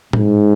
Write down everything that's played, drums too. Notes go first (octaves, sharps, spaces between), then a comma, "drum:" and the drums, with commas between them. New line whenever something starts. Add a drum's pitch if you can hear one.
G#2, drum: tom A2